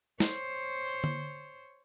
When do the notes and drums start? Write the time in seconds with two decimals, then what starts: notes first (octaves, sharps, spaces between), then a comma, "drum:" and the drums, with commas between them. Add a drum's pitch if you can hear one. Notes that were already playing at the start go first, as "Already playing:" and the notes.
0.20 C5 C#5, drum: snare
1.04 drum: tom D3